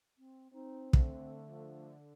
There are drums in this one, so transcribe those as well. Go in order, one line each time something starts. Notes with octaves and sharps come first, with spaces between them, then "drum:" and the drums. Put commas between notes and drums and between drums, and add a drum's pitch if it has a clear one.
C4
C4 D#4
D3 A3, drum: kick
F3